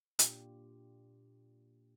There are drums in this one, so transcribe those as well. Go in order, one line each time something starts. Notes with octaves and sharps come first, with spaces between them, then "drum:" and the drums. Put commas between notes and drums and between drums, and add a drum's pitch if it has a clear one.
A#2 D4 F4 G4, drum: hi-hat